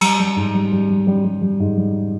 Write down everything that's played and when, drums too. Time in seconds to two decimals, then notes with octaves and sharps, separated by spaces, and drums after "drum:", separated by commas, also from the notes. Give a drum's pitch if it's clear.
0.01 G3, drum: cymbal
0.20 G3
0.36 G#2
0.54 G3
0.72 G3
0.90 G3
1.07 G3
1.25 G3
1.42 G3
1.60 G#2
1.77 G3